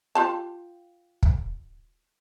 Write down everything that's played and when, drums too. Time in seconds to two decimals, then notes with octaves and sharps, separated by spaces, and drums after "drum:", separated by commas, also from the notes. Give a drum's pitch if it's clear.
0.15 F4 G4 A5
1.23 drum: kick